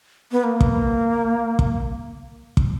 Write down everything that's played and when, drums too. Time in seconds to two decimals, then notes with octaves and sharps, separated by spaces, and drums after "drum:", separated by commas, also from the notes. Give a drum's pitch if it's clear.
0.32 B3
0.44 A#3
0.61 drum: kick
1.59 drum: kick
2.57 drum: kick